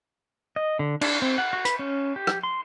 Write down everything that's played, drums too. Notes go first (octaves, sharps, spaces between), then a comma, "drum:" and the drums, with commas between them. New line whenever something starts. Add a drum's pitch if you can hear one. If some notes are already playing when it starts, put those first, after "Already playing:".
D#5
D3
D4, drum: cymbal
C4
F#5
F#4
B4, drum: hi-hat
C#4
G4
drum: rim click
C6